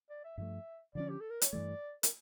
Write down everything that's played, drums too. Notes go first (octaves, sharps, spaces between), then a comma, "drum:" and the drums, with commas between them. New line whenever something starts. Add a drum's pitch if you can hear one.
D5
E5
G2 F3 A3 E5
D3 F3 C#4 D5
G4
A4
A#4
C#5, drum: hi-hat
G2 E3 A3 D5
A#4, drum: hi-hat